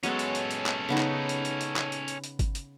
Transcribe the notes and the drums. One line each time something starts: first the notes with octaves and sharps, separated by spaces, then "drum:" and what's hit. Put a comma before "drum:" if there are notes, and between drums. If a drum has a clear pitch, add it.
F#3 G#3 B3 C#4 A4, drum: hi-hat
drum: hi-hat
drum: hi-hat
drum: hi-hat
drum: clap
C#3 B3 D#4
drum: clap
drum: hi-hat
drum: hi-hat
drum: hi-hat
drum: clap
drum: hi-hat
drum: hi-hat
drum: hi-hat
drum: kick G1, hi-hat
drum: hi-hat